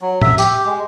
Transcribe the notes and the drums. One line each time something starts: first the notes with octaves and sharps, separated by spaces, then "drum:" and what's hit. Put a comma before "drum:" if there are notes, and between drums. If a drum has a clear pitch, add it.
F#3
E5, drum: tom A2
G4, drum: tambourine
G#3